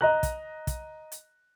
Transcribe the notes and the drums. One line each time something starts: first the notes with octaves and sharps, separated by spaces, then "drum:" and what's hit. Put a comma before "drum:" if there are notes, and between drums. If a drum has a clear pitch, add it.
D#5 A#5 F#6
drum: kick, hi-hat
drum: kick, hi-hat
drum: hi-hat